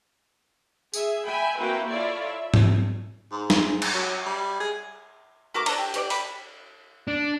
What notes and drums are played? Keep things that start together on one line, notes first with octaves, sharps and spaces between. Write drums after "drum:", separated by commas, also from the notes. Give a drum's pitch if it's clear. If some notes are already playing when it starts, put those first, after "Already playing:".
G#4 E5, drum: tambourine
E5 G5 G#5 B5
A#3 C4 E4 F#4 B4 G5
E4 F4 A4 C#5 D5 E5
E5
drum: tom G#2
G#2
drum: snare
drum: cymbal
F#3
G3
G#4
A3 F#4 A#4 D6
D4 A4 A#5, drum: cymbal
G4
G4 C#5 D5, drum: hi-hat
B5, drum: open hi-hat
D4